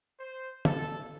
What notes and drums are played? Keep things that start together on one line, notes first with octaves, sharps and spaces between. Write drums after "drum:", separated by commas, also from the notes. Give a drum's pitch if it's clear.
C5
A4, drum: tom